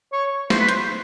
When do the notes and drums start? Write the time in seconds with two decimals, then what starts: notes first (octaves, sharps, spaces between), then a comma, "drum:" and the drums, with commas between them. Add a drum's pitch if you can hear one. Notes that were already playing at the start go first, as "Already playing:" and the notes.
0.13 C#5
0.50 C5, drum: snare
0.59 B4
0.68 C5, drum: hi-hat